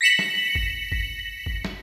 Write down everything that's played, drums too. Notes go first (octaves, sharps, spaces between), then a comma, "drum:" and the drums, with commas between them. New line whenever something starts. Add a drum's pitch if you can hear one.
A#6 B6 C#7 E7 F#7
drum: snare
drum: kick F#1
drum: kick F#1
drum: kick F#1
drum: snare